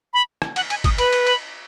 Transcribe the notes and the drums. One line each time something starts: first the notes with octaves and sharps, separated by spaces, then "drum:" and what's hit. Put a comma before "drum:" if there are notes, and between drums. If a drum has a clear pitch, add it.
B5
drum: rim click
F#5, drum: cymbal
G#5, drum: cymbal
D#6, drum: kick G1, cymbal
B4 B5, drum: cymbal
drum: cymbal
B5, drum: cymbal